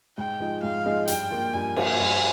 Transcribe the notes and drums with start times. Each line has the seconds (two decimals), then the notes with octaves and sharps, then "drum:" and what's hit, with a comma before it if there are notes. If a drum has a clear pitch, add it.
0.17 G#2 G5
0.40 F3 G#3 D#4
0.63 G#2 F5
0.86 F3 G#3 D#4
1.07 G2 G5, drum: hi-hat
1.31 F3 A#3 F4
1.53 G2 G#5
1.76 F3 A#3 F4, drum: cymbal
1.99 G2